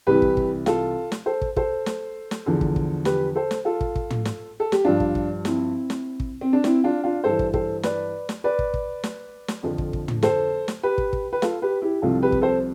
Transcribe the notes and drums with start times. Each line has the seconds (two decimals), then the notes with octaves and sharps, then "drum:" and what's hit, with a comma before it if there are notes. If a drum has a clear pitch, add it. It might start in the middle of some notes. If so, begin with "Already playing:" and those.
0.07 C2 C3 E3 G4 B4
0.22 drum: kick
0.37 drum: kick
0.66 F4 A4, drum: snare
1.12 drum: snare
1.26 A4 C5
1.41 drum: kick
1.56 A4 C5, drum: kick
1.86 drum: snare
2.31 drum: snare
2.46 E2 D3 F3
2.61 drum: kick
2.76 drum: kick
3.05 G4 B4, drum: snare
3.35 A4 C5
3.51 drum: snare
3.65 F4 A4
3.81 drum: kick
3.96 drum: kick
4.10 drum: tom
4.25 drum: snare
4.60 A4
4.72 G4, drum: snare
4.85 G2 F3 D4 F4
5.00 drum: kick
5.15 drum: kick
5.45 C4 E4, drum: snare
5.90 drum: snare
6.20 drum: kick
6.41 C4
6.53 D4
6.64 C4 E4, drum: snare
6.84 D4 F4
7.04 D4 F4
7.24 G2 E3 A4 C5
7.39 drum: kick
7.54 A4 C5, drum: kick
7.83 B4 D5, drum: snare
8.29 drum: snare
8.44 B4 D5
8.59 drum: kick
8.74 drum: kick
9.04 drum: snare
9.48 drum: snare
9.63 F2 D3 F3
9.78 drum: kick
9.93 drum: kick
10.08 drum: tom
10.23 A4 C5, drum: snare
10.68 drum: snare
10.83 G4 B4
10.98 drum: kick
11.13 drum: kick
11.33 B4
11.42 F4 A4, drum: snare
11.62 G4 B4
11.82 E4 G4
12.02 C2 C3 F3 F4 A4
12.22 G4 B4
12.32 drum: kick
12.42 A4 C5